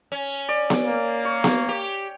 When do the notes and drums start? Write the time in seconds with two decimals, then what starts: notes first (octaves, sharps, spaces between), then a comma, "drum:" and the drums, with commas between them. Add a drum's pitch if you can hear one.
0.12 C#4
0.49 D5
0.70 drum: snare B3
0.85 A#3
1.25 C#5
1.44 drum: snare B3
1.69 G4